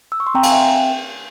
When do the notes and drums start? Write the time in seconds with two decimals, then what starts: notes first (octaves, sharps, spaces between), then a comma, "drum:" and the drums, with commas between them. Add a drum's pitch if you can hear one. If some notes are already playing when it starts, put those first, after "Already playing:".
0.12 E6
0.20 C#6
0.27 C6
0.35 C4 G5 A#5
0.43 F5 G#5, drum: cymbal
0.52 C4 E5 G5